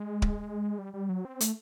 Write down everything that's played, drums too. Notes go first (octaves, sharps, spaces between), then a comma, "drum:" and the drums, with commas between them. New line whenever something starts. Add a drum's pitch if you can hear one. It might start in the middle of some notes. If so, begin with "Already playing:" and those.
Already playing: G#3
drum: kick D1
G3
G3
F#3
C4
A3, drum: hi-hat